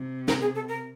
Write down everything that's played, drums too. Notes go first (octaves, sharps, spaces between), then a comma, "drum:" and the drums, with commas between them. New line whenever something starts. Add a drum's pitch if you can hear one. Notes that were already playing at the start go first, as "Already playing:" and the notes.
Already playing: C3
A#4, drum: snare
G#4
A4
A#4